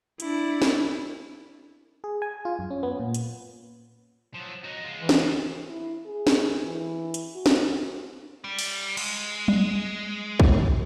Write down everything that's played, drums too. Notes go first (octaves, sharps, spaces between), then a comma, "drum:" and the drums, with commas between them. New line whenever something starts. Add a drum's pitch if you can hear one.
D4 E4, drum: hi-hat
drum: snare
G#4
G#5
F4
F#2
C#4
B3
A#2
drum: hi-hat
F3 F#3
D#4 F#4
G#3 F4
E3
drum: snare
E4
G#4
drum: snare
E3
drum: hi-hat
F#4
drum: snare
G3
drum: cymbal
G#3, drum: cymbal
drum: tom F#3
drum: kick